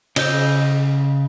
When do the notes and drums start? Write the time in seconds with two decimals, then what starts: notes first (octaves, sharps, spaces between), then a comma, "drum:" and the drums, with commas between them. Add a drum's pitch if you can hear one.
0.16 C#3 D#5 G6, drum: cymbal